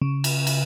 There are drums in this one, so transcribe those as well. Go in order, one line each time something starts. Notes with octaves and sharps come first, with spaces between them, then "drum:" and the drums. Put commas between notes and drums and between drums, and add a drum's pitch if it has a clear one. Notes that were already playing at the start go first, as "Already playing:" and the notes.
C#3
drum: cymbal
drum: cymbal